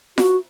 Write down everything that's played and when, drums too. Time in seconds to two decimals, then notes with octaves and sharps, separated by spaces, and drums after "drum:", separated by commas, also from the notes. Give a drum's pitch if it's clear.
0.18 F#4, drum: snare F4